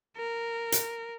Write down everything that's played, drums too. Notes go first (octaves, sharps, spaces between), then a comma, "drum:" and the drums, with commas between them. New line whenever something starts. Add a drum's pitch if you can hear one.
A#4
drum: hi-hat